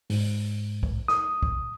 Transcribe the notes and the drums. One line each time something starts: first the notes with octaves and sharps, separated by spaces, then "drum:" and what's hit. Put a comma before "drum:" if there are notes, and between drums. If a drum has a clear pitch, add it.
G#2, drum: open hi-hat
drum: kick
D#6, drum: snare
drum: kick